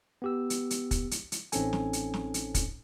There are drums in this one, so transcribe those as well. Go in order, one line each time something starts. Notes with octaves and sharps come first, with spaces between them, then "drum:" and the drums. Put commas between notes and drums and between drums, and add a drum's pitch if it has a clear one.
B3 G4 E6
drum: hi-hat
drum: hi-hat
drum: kick, hi-hat
drum: hi-hat
drum: hi-hat
A1 C4 C#4 D#4 A4 G#5, drum: hi-hat
drum: snare
drum: hi-hat
drum: snare
drum: hi-hat
drum: kick, hi-hat